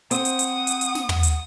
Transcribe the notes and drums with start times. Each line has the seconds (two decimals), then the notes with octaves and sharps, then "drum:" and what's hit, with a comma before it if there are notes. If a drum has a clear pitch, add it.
0.11 C4 F#5 D#6, drum: hi-hat
0.25 drum: hi-hat
0.39 drum: hi-hat
0.67 drum: hi-hat
0.81 drum: hi-hat
0.95 drum: snare
1.09 drum: tom
1.23 drum: hi-hat